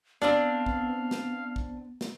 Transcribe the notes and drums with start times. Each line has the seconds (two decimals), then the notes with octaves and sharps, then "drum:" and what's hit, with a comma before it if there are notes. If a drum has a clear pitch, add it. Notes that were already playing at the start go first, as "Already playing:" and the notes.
0.22 B3 C4 D4 D5 F5, drum: snare
0.66 drum: kick
1.11 drum: snare
1.56 drum: kick
2.01 drum: snare